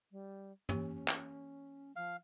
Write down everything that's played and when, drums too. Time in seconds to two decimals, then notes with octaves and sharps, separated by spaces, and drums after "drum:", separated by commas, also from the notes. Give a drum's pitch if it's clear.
0.12 G3
0.69 E3 A#3 C#4 G4, drum: tom
1.08 drum: clap
1.96 F3 F5